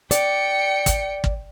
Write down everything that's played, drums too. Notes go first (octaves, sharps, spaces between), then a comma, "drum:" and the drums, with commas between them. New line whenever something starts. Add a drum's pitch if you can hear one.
D5 G5 C#7, drum: hi-hat
drum: kick, hi-hat
drum: kick